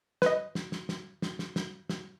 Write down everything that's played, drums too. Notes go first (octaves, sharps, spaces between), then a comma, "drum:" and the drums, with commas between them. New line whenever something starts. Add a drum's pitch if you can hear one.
B4 D#5, drum: snare
drum: snare
drum: snare
drum: snare
drum: snare
drum: snare
drum: snare
drum: snare